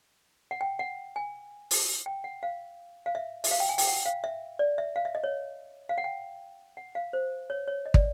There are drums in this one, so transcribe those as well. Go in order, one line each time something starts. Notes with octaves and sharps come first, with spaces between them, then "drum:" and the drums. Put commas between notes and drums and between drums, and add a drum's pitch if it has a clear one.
F#5
G5
F#5
G#5
drum: open hi-hat
G5
F#5
F5
F5
E5
E5, drum: open hi-hat
F5
G5
G#5
G5, drum: open hi-hat
F#5
F5
E5
D5
E5
F5
E5
D#5
C#5
F5
F#5
G5
F#5
F5
C5
C#5
C#5
D#5
D5, drum: kick